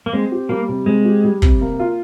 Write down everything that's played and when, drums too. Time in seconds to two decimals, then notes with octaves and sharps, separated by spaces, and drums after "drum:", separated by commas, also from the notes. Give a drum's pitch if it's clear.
0.06 A#3
0.13 G#3 C4
0.32 G4
0.49 G3 A#3
0.68 C3
0.86 G#3 C4
1.05 G4
1.24 G3
1.42 C3, drum: kick
1.61 A#3
1.79 F4